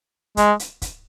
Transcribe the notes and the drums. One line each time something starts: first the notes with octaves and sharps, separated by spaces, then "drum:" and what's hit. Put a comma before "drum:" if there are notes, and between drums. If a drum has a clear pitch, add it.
G#3, drum: kick, hi-hat
drum: hi-hat
drum: kick, hi-hat